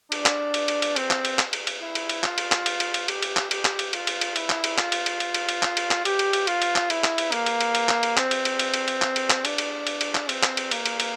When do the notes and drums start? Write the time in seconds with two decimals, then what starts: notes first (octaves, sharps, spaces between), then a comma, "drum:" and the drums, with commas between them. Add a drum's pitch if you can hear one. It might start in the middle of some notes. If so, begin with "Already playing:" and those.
0.12 D4, drum: cymbal
0.26 drum: clap
0.54 drum: cymbal
0.68 drum: cymbal
0.82 drum: cymbal
0.96 C4, drum: cymbal
1.11 drum: clap
1.25 drum: cymbal
1.39 drum: clap
1.53 drum: cymbal
1.67 drum: cymbal
1.81 E4
1.95 drum: cymbal
2.09 drum: cymbal
2.24 F4, drum: clap
2.38 drum: cymbal
2.52 drum: clap
2.66 drum: cymbal
2.80 drum: cymbal
2.94 drum: cymbal
3.08 G4, drum: cymbal
3.22 drum: cymbal
3.37 drum: clap
3.51 G4, drum: cymbal
3.65 drum: clap
3.79 drum: cymbal
3.93 F4, drum: cymbal
4.07 drum: cymbal
4.21 drum: cymbal
4.36 E4, drum: cymbal
4.50 drum: clap
4.64 drum: cymbal
4.78 F4, drum: clap
4.92 drum: cymbal
5.06 drum: cymbal
5.20 drum: cymbal
5.34 drum: cymbal
5.49 drum: cymbal
5.63 drum: clap
5.77 drum: cymbal
5.91 drum: clap
6.05 G4, drum: cymbal
6.19 drum: cymbal
6.33 drum: cymbal
6.47 F4, drum: cymbal
6.62 drum: cymbal
6.76 drum: clap
6.90 E4, drum: cymbal
7.04 drum: clap
7.18 drum: cymbal
7.32 A#3, drum: cymbal
7.46 drum: cymbal
7.61 drum: cymbal
7.75 drum: cymbal
7.89 drum: clap
8.03 drum: cymbal
8.17 C4, drum: clap
8.31 drum: cymbal
8.45 drum: cymbal
8.59 drum: cymbal
8.74 drum: cymbal
8.88 drum: cymbal
9.02 drum: clap
9.16 drum: cymbal
9.30 drum: clap
9.45 D4, drum: cymbal
9.58 drum: cymbal
9.87 drum: cymbal
10.01 drum: cymbal
10.15 drum: clap
10.29 C4, drum: cymbal
10.43 drum: clap
10.57 drum: cymbal
10.71 A#3, drum: cymbal
10.86 drum: cymbal
11.00 drum: cymbal